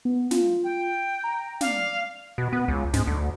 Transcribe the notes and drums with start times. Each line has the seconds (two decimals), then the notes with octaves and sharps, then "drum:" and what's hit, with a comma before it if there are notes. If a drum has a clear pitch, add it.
0.05 B3
0.31 F4, drum: snare
0.64 G5
1.24 A#5
1.61 D5 F5, drum: snare
2.38 B2
2.53 B3
2.68 C#2
2.94 G#2, drum: snare
3.07 D2